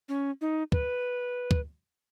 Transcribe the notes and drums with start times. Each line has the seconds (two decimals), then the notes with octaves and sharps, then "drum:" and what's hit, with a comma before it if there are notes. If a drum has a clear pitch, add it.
0.09 C#4
0.41 D#4
0.72 B4, drum: kick
1.51 drum: kick